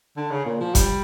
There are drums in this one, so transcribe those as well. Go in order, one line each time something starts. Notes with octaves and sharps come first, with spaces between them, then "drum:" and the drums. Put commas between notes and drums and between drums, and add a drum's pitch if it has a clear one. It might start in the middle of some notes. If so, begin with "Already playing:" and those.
D3
C#3
A#2
F3
G3, drum: kick F1, hi-hat